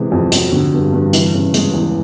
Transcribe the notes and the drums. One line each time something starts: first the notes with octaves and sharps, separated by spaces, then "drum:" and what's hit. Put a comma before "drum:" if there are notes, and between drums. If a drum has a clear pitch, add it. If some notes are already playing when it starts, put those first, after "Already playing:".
Already playing: C3 E3 G#3
F2
F#3, drum: hi-hat
D3
G2
G2
E3, drum: hi-hat
C#3
G#3, drum: hi-hat
E2